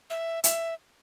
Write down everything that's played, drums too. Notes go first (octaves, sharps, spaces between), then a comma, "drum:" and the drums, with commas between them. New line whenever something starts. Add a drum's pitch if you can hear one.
E5
E5, drum: hi-hat